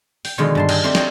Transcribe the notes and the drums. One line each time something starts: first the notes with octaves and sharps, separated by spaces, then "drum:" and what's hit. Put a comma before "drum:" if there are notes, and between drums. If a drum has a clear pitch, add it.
G5, drum: open hi-hat
B2 D3 D#3 F3 G#3 F4
G2 A5 C6
D#5 G5 G#5, drum: cymbal
A3 C4 C5 D5
C#5 D#5 G5, drum: snare